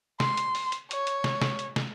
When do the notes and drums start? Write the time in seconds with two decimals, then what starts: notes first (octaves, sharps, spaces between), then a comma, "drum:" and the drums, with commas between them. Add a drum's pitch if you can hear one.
0.20 C6, drum: snare
0.37 drum: hi-hat
0.55 drum: open hi-hat
0.72 drum: hi-hat
0.91 C#5, drum: hi-hat
1.07 drum: hi-hat
1.24 drum: snare
1.42 drum: snare
1.59 drum: hi-hat
1.76 drum: snare